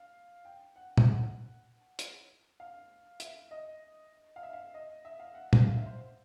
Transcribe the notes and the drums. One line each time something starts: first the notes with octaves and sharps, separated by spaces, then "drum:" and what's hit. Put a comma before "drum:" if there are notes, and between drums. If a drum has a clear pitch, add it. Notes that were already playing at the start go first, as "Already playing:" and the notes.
Already playing: F5
G5
F#5
drum: tom
F#5
drum: hi-hat
F5
E5, drum: hi-hat
D#5
F5
E5
F5
D#5
E5
F5
F#5
drum: tom
F5
E5
C5